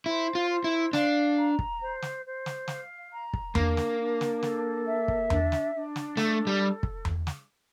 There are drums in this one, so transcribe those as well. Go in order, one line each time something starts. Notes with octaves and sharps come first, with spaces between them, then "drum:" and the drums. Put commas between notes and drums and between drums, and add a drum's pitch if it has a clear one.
E4 C5
F4
C5
E4
D4 F5, drum: snare
A#5
drum: kick
C5
drum: snare
C5
drum: snare
F5, drum: snare
A#5
drum: kick
A#3 D4, drum: tom E2
drum: snare
D4
drum: snare
A4, drum: snare
E5
drum: kick
D4, drum: tom E2
drum: snare
D4
drum: snare
A3 A4, drum: snare
G3
drum: kick
drum: tom E2
drum: snare